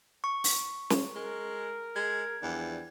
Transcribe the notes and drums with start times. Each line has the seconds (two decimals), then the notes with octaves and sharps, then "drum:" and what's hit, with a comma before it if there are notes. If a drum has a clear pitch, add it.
0.24 C#6
0.44 drum: open hi-hat
0.90 drum: snare
1.15 G#3 A#4
1.96 G#3 G#6
2.42 E2 F3 G3 D4